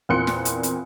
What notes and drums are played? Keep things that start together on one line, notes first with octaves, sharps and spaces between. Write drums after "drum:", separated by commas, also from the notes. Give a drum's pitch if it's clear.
E2 A#2 C4 C6 F#6 C#7
drum: snare
drum: hi-hat
drum: hi-hat